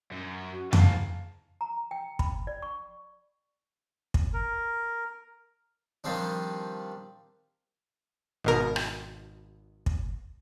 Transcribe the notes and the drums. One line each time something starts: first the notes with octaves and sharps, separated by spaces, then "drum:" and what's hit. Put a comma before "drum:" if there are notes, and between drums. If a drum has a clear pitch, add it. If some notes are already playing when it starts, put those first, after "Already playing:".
F#2
F#4
G#2 F5 A5, drum: tom F2
A#5
G5
B5, drum: kick
D5
C#6
drum: kick
A#4
D#3 F3 G3 C4 D4
G#1 B2 A#4
drum: rim click
drum: kick